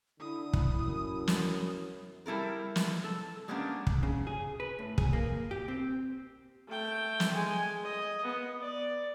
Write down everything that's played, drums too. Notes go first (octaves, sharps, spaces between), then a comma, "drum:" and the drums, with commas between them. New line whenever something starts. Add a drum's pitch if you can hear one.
D3 E4 D#6
drum: kick
F#2
drum: snare
G3 E4 A4 A#4
drum: snare
A4
G3 G#3 A#3 B3 C#4 D4
drum: kick
C#3
G#4
B4
A2
G#4, drum: kick
A#3
G4
C4
A3 G5
drum: snare
G#3 G#5
D#5
B3
D5